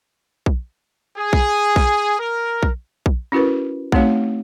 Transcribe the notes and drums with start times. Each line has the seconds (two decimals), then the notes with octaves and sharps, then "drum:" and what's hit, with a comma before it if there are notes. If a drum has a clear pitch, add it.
0.46 drum: kick A#1
1.17 G#4
1.33 drum: kick A#1
1.76 drum: kick A#1
2.19 A#4
2.63 drum: kick A#1
3.06 drum: kick A#1
3.32 C#4 E4 F#4 A#4 B4
3.92 A3 C4 D#4 F#4 C#5 F5, drum: kick A#1